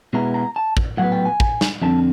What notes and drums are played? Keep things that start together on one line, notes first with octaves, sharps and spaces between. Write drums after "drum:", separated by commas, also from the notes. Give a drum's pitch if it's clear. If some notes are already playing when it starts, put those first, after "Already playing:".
B2 G#3 B3 E4 A#5
A#5
A5
drum: kick
A2 F#3 B3 F#5
G5
G#5
drum: kick
drum: snare
F2 D3 F3 C4 A5